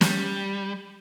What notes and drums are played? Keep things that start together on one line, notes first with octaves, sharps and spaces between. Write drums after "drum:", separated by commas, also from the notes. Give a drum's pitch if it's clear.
G3, drum: snare